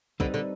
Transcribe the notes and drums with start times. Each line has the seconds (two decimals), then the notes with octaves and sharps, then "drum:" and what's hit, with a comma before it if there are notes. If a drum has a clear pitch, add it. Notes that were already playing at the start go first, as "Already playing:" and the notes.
0.20 D3 G3 C4 D#4 B4, drum: kick
0.34 D3